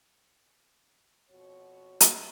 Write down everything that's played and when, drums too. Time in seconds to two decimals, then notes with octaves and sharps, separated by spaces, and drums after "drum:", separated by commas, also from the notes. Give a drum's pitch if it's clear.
1.30 F2 B2 F#4 C#5
2.00 drum: hi-hat